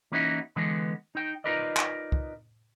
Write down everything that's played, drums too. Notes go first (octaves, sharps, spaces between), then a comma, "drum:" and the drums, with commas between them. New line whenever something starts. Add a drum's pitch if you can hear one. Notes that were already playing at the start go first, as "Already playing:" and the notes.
E3 A#3 C#4 D#4 E4 F#4
D3 E3 G#3 B3 B4
D#4 G5
D#4 F4 A#4 B4 D5 D#5
drum: clap
drum: kick